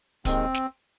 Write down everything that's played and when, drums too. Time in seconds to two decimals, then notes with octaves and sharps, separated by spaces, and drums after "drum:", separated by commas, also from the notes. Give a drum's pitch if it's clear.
0.25 D#2 D#3 G#3 C4, drum: kick, hi-hat
0.54 drum: snare